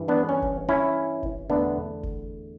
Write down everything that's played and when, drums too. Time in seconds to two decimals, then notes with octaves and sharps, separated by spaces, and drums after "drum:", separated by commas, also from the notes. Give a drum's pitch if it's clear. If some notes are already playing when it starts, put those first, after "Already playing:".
Already playing: G2 E3
0.08 B3 D4
0.29 C#4
0.42 drum: kick F#1
0.69 C#4 E4
1.23 drum: kick F#1
1.50 E2 D3 A3 B3 D4
2.03 drum: kick F#1